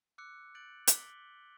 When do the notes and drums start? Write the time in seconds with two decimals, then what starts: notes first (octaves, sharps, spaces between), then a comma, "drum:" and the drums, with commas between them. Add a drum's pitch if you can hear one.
0.18 D6 E6 F#6 C#7
0.55 F#6 G6 A6 D7 F#7
0.87 D6 B6 F#7 G7, drum: hi-hat